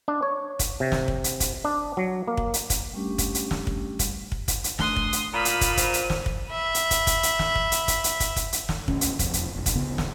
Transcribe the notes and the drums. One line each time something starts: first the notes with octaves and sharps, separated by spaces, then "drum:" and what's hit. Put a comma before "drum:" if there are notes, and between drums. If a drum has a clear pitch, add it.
D4
C#5
drum: kick, hi-hat
C3
drum: snare
drum: kick
drum: hi-hat
drum: kick, hi-hat
D4
F#3
A#3
drum: kick
drum: hi-hat
drum: kick, hi-hat
G3 A3 C#4 D4 G4
drum: kick, hi-hat
drum: hi-hat
drum: snare
drum: kick
drum: kick, hi-hat
drum: kick
drum: kick, hi-hat
drum: hi-hat
A3 D4 C6 D#6 F#6, drum: snare
drum: kick
drum: hi-hat
A#2 A#5 B5 D#6 F6 D#7
drum: hi-hat
drum: kick, hi-hat
C5, drum: kick, hi-hat
drum: hi-hat
drum: snare
drum: kick
E5 B5
drum: hi-hat
drum: kick, hi-hat
drum: kick, hi-hat
drum: hi-hat
drum: snare
drum: kick
drum: hi-hat
drum: kick, hi-hat
drum: hi-hat
drum: kick, hi-hat
drum: kick, hi-hat
drum: hi-hat
drum: snare
D#1 D2 C#4, drum: kick
drum: hi-hat
E1 F2, drum: kick, hi-hat
drum: hi-hat
E1 A1
drum: kick, hi-hat
D1 C#3 B3
drum: snare